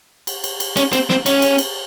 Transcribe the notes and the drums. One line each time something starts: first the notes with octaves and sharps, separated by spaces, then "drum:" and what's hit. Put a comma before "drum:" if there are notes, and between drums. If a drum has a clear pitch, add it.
drum: cymbal
drum: cymbal
drum: cymbal
C#4, drum: cymbal
C4, drum: cymbal
C4, drum: snare
C#4, drum: cymbal
drum: cymbal
drum: cymbal